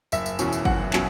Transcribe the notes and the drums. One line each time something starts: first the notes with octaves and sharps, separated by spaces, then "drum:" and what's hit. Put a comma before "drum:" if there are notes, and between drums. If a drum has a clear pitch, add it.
F#1 E5, drum: tambourine
drum: tambourine
E2 B2 F#3 C#4, drum: tambourine
drum: tambourine
F#1 F#5, drum: kick
B2 F#3 C#4, drum: clap